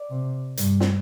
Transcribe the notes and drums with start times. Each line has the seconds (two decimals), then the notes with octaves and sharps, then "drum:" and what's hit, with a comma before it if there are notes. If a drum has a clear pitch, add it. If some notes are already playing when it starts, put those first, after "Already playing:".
Already playing: D5
0.10 C3
0.57 G2, drum: hi-hat
0.80 drum: snare